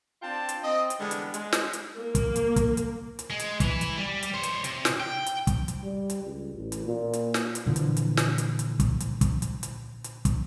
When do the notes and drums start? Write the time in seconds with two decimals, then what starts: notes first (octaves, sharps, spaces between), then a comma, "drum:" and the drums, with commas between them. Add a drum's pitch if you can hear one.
0.22 C4 D4 F4 G5 A5
0.49 drum: hi-hat
0.63 C4 D#5
0.90 drum: hi-hat
0.99 D3 E3 G3 G#3 B3
1.11 drum: hi-hat
1.34 G#3, drum: hi-hat
1.53 drum: snare
1.73 drum: hi-hat
1.98 A#3
2.15 drum: kick, hi-hat
2.36 drum: hi-hat
2.56 drum: kick, hi-hat
2.77 drum: hi-hat
3.19 drum: hi-hat
3.30 G#3
3.39 drum: hi-hat
3.60 E3 E4, drum: kick, hi-hat
3.81 drum: hi-hat
3.97 G3
4.23 drum: hi-hat
4.34 C5 C#5
4.43 drum: hi-hat
4.64 C3, drum: hi-hat
4.85 drum: snare
5.00 G5
5.26 drum: hi-hat
5.47 drum: kick, hi-hat
5.68 drum: hi-hat
5.83 G3
6.10 drum: hi-hat
6.23 C#2
6.54 A1
6.72 drum: hi-hat
6.85 A#2
7.13 drum: hi-hat
7.34 drum: snare
7.55 drum: hi-hat
7.66 A#2 D3 E3 F3
7.76 drum: hi-hat
7.97 drum: hi-hat
8.17 drum: snare
8.38 drum: hi-hat
8.59 drum: hi-hat
8.80 drum: kick, hi-hat
9.00 drum: hi-hat
9.21 drum: kick, hi-hat
9.42 drum: hi-hat
9.63 drum: hi-hat
10.04 drum: hi-hat
10.25 drum: kick, hi-hat